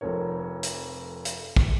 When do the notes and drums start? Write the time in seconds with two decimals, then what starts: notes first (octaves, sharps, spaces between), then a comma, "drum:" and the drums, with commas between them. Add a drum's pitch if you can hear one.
0.01 F1 F2 C4 A#4 C#5
0.63 drum: hi-hat
1.25 drum: hi-hat
1.56 drum: kick